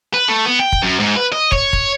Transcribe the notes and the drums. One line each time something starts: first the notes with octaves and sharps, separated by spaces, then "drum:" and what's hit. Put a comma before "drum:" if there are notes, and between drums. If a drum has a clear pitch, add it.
B4
A3
B3
G5
drum: kick
F#2
G#2
B4
D#5
C#5, drum: kick
drum: kick